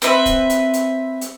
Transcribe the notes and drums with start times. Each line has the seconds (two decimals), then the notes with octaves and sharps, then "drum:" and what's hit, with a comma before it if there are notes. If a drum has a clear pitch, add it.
0.02 C4 B4 E5, drum: hi-hat
0.26 drum: kick C#1, hi-hat
0.50 drum: hi-hat
0.73 drum: hi-hat
1.21 drum: hi-hat